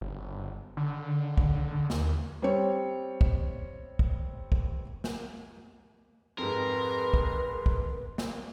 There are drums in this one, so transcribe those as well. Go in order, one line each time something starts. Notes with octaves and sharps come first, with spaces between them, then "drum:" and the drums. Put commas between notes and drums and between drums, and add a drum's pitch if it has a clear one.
G1
D3
drum: kick
D#2, drum: snare
G3 C4 C#5
drum: kick
drum: kick
drum: kick
drum: snare
F2 G#2 A#4 B4 C6
drum: kick
drum: kick
drum: snare